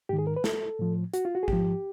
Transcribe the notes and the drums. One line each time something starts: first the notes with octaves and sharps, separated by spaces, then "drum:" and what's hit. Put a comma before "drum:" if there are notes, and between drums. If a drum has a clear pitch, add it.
G#2 D#3 G4
G#4
A#4
B4
A4, drum: snare
A2 F3
F#4, drum: hi-hat
F4
F#4
G#4
G#2 F3 G4, drum: kick A1